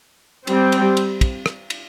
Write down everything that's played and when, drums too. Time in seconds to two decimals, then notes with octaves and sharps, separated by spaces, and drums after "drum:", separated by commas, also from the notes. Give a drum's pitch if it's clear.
0.47 G3 C4, drum: cymbal
0.72 drum: cymbal
0.97 drum: cymbal
1.21 drum: kick, cymbal
1.46 drum: rim click
1.70 drum: cymbal